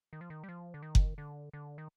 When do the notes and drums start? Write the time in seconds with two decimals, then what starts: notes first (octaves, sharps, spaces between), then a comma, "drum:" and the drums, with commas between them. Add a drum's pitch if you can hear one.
0.13 D#3
0.21 F3
0.30 D#3
0.44 G3
0.49 F3
0.74 D3
0.83 D#3
0.95 drum: kick F#1
1.18 D3
1.53 D3
1.78 D#3